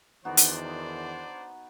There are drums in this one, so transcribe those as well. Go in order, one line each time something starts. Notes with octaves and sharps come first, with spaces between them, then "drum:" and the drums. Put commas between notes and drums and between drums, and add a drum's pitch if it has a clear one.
E2 D#3 B3 D4 D#4 F#4 C5 D5
drum: hi-hat